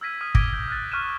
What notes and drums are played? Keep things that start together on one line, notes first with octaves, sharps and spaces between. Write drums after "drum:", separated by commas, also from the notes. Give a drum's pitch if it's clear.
E6 F6 G#6 A#6 B6 D#7
D#6 F6 D#7
D6 G#6 A#6 D7 D#7 G7, drum: kick
G6
F6 F#6 A6
C#6 F6 F#6 A6 D#7 E7